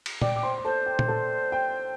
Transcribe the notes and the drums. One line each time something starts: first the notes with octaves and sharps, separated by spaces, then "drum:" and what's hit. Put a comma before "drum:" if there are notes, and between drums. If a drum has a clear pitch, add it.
drum: cymbal
D5 G5 D6, drum: tom A#2
D6
C5 C6
C6
A4 C5 A5
G5
drum: tom A#2
A4 A5
G5